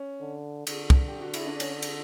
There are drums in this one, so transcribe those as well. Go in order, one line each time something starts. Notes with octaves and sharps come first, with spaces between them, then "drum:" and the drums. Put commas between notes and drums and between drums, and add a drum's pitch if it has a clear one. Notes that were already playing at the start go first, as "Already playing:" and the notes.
Already playing: C#4
D3
D3, drum: cymbal
drum: kick
G4
F#4
E4, drum: cymbal
D4
C#4, drum: cymbal
drum: cymbal